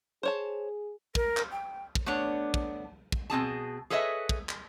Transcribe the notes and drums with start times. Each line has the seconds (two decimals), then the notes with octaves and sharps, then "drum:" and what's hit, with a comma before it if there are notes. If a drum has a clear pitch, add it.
0.23 G#4 C5 C#5 A5
1.15 A#4, drum: kick
1.37 drum: clap
1.52 G5
1.95 drum: kick
2.06 A3 B3 D4 C#5
2.54 drum: kick
3.12 drum: kick
3.30 B2 C4 G#4 A5
3.90 G#4 A4 B4 C#5 D#5 E5
4.29 drum: kick
4.49 drum: clap